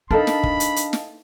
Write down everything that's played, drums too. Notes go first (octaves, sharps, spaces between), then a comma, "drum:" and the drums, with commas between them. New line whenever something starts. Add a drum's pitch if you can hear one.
D4 D#4 A4 A#4 D#5 F5 A5 B5
drum: snare
drum: kick
drum: hi-hat
drum: hi-hat
drum: snare